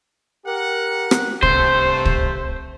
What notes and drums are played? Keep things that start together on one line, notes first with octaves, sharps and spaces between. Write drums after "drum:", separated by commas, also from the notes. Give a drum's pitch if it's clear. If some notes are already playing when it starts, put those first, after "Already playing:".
G4 A#4 F#5
drum: rim click
G2 C3 A3 C5, drum: kick
drum: kick